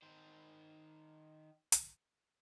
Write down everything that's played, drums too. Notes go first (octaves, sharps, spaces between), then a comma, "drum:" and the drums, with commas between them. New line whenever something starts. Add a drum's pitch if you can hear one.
D#3 C5
drum: hi-hat